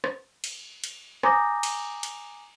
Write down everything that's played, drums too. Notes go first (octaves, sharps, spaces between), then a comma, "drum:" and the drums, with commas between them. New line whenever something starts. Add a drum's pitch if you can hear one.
drum: rim click
drum: cymbal
drum: cymbal
G#5 A#5 D6 D#6 G6 A#6, drum: rim click
drum: cymbal
drum: cymbal